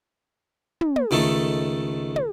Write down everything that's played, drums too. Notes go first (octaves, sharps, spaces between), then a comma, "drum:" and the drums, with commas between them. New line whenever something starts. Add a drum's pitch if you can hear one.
drum: tom
drum: tom
C#2 D#3 A3 A4
drum: tom